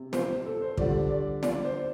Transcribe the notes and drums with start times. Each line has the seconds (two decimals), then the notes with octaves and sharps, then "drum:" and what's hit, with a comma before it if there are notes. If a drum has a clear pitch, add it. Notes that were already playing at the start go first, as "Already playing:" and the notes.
Already playing: C3
0.13 C5, drum: snare
0.45 A4
0.62 C5
0.77 D3 G3 D5, drum: kick
1.11 D5
1.43 D5, drum: snare
1.65 C5